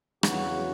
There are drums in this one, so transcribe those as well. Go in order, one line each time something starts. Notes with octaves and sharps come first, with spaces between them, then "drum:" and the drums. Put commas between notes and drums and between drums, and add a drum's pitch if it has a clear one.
E2 C#3 F#3 F#4, drum: rim click